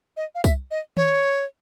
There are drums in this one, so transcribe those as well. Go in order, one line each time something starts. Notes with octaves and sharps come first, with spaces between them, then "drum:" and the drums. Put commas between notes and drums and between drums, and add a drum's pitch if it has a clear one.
D#5
F5
E5, drum: kick, tambourine
D#5
C#5, drum: tom D#3